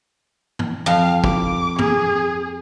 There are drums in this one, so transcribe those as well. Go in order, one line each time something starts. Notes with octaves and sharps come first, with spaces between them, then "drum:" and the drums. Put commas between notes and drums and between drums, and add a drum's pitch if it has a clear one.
drum: tom
F2 F5
D6, drum: kick
G#4, drum: tom